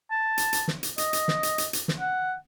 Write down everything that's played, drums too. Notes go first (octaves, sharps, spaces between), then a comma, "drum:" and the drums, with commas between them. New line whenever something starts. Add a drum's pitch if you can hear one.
A5
drum: hi-hat
drum: hi-hat
drum: snare
drum: hi-hat
D#5, drum: hi-hat
drum: hi-hat
drum: snare
drum: hi-hat
drum: hi-hat
drum: hi-hat
drum: snare
F#5